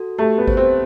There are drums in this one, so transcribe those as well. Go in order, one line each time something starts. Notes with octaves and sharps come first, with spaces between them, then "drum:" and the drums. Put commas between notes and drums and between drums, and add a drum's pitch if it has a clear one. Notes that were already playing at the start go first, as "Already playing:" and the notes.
Already playing: F#4 A4
A3 G4
B3
C5, drum: kick G#1
C4